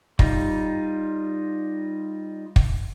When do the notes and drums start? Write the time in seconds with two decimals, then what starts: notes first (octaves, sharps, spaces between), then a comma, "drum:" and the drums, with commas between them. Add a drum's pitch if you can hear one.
0.19 G3 D#4 F4, drum: kick
2.56 drum: kick